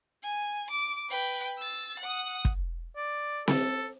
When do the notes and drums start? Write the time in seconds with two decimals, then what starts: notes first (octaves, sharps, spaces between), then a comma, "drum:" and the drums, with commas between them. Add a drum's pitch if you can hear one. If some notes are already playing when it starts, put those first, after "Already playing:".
0.23 G#5
0.70 D6
1.09 B4 G5
1.58 E6 A6
1.99 F#5 D#6
2.45 drum: kick
2.96 D5
3.48 A4, drum: snare C4